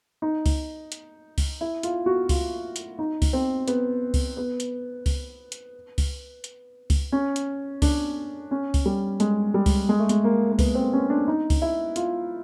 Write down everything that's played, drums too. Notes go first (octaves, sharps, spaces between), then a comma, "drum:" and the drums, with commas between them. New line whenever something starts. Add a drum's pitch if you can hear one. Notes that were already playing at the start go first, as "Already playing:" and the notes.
D#4
drum: kick C#2, open hi-hat
drum: hi-hat
drum: kick C#2, open hi-hat
E4
F4, drum: hi-hat
F#4
F4, drum: kick C#2, open hi-hat
drum: hi-hat
D#4
drum: kick C#2, open hi-hat
C4
B3, drum: hi-hat
drum: kick C#2, open hi-hat
B3
drum: hi-hat
drum: kick C#2, open hi-hat
drum: hi-hat
drum: kick C#2, open hi-hat
drum: hi-hat
drum: kick C#2, open hi-hat
C#4
drum: hi-hat
D4, drum: kick C#2, open hi-hat
C#4
drum: kick C#2, open hi-hat
G3
G#3, drum: hi-hat
G3
drum: kick C#2, open hi-hat
G#3
A3
G#3, drum: hi-hat
A#3
A#3
B3, drum: kick C#2, open hi-hat
C4
C#4
D4
D#4
drum: kick C#2, open hi-hat
E4
F4, drum: hi-hat